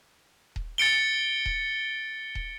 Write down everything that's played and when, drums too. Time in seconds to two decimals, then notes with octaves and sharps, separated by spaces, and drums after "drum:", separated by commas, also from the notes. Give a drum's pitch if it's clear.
0.56 drum: kick D#1
0.78 A6 C#7 D7 G7
1.46 drum: kick D#1
2.35 drum: kick D#1